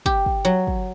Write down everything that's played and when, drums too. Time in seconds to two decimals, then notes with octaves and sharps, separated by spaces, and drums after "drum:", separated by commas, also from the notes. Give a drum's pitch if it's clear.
0.06 G4, drum: kick
0.26 drum: kick
0.45 F#3
0.67 drum: kick